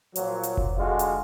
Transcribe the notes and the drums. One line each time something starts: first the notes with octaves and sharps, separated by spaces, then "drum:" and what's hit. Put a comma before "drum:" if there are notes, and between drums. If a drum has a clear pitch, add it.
A#2 F3 F#3, drum: hi-hat
drum: hi-hat
drum: kick F1
D3 G#3 F4 F#4
drum: hi-hat